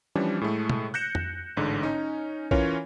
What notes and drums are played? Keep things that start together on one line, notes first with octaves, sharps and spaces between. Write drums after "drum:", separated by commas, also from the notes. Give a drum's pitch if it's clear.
E3 F3 G3 C#4 D4
A2 G#3 A3
drum: tom B2
F#6 G6 A#6 C#7 E7
drum: tom F2
A1 G#2 D3
C#4 D#4
E3 C#4 F4 A#4 C#5, drum: kick